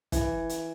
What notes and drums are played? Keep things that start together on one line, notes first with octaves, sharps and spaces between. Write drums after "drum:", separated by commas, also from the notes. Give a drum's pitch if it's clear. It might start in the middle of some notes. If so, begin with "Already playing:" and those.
E3, drum: kick, hi-hat
drum: hi-hat